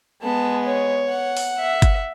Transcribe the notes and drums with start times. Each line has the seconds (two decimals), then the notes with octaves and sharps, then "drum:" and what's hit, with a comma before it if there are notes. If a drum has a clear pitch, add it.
0.21 G#3 B3 A5
0.66 C#5
1.10 F#5
1.37 drum: open hi-hat
1.59 E5
1.82 drum: kick, hi-hat